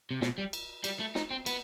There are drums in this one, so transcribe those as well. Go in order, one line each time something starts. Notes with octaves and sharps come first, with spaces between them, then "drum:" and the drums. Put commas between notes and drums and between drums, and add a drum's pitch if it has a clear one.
C3
B2, drum: snare
G3
drum: cymbal
G3, drum: cymbal
A3
D#4, drum: snare
C4
B3, drum: cymbal